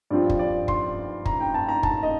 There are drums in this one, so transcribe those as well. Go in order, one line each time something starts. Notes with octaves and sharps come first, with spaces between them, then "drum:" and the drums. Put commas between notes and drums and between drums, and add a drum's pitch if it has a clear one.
G2 F3 C4 F4 D5
drum: kick
D5
C6, drum: kick
A#5, drum: kick
G5
A5
A#5
A5, drum: kick
D#5